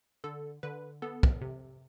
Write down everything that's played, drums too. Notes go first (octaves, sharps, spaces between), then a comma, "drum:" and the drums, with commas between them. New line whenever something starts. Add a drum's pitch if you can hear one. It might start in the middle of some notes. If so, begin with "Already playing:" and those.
D3 A4
D3 B4
B3 A4
drum: kick
C3